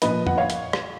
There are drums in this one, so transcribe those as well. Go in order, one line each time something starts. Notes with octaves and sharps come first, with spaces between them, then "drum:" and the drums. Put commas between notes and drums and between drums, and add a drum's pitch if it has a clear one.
A#2 F3 B4 D#5, drum: hi-hat
F#5, drum: tom
C#5 F5
drum: hi-hat
drum: rim click